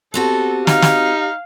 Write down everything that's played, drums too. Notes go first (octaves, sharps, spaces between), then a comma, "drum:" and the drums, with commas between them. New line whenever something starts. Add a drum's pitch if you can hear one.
B3 C4 F#4 G4 A4
D#4 F5, drum: snare
drum: snare